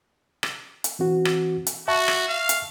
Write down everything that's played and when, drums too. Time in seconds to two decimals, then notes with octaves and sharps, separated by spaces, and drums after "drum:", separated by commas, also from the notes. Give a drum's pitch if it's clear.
0.43 drum: rim click
0.84 drum: hi-hat
0.99 E3 C4 F#4
1.25 drum: rim click
1.67 drum: hi-hat
1.88 F#4 E5 A5 C#6
2.08 drum: rim click
2.28 F5
2.49 drum: hi-hat